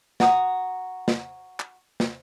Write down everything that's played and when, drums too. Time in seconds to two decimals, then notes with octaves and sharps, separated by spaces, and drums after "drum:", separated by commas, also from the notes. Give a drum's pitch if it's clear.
0.20 F#4 A#5 D#6, drum: snare
1.08 drum: snare
1.60 drum: clap
2.00 drum: snare